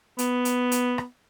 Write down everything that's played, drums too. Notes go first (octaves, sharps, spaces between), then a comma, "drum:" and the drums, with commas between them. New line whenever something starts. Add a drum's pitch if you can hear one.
B3, drum: hi-hat
drum: hi-hat
drum: hi-hat
drum: rim click